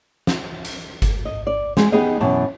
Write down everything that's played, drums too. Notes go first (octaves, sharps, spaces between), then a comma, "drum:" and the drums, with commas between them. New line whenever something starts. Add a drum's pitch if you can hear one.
drum: snare
drum: hi-hat
drum: kick G1, hi-hat
D#5
D5
G#3, drum: snare
B3 D#4 G4 G#4 D#5
F#2 B2 E3 G4 A5